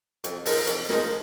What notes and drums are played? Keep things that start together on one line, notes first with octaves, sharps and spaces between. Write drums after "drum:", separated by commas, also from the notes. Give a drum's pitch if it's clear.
F2, drum: hi-hat
F3 G#3 D#4 A#4, drum: open hi-hat
F2, drum: hi-hat
F3 G#3 D#4 A#4, drum: snare